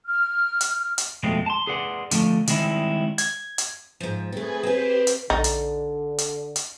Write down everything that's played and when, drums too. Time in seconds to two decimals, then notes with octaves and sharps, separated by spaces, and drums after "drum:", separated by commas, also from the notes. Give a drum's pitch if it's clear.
0.07 F6
0.61 drum: hi-hat
0.98 drum: hi-hat
1.23 F2 B2 G#3 A3 C4
1.46 A5 C6
1.67 G#4 B4 D5 F#5 C6
2.11 D3 F3 A3, drum: hi-hat
2.47 D#3 G3 G#3 C4 E4, drum: hi-hat
3.18 G#6, drum: hi-hat
3.58 drum: hi-hat
4.00 G#2 F3
4.32 A3 C4 G#4 B4 G#6
4.63 C4 G4 B4 C5
5.07 drum: hi-hat
5.30 A#1 D3 D#4 A6
5.44 drum: hi-hat
6.18 drum: hi-hat
6.56 drum: hi-hat